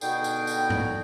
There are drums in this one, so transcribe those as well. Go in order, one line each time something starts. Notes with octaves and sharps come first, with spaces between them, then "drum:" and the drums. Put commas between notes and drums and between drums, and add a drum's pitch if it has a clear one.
B2 D3 D#4 F#4 G#4 G5, drum: tambourine
drum: tambourine
drum: tambourine
drum: tom G#2